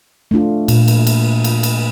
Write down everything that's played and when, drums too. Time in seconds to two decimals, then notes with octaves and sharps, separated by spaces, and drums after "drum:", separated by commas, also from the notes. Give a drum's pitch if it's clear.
0.31 A3 D4 F4
0.68 A#2, drum: cymbal
0.88 drum: cymbal
1.07 drum: cymbal
1.44 drum: cymbal
1.63 drum: cymbal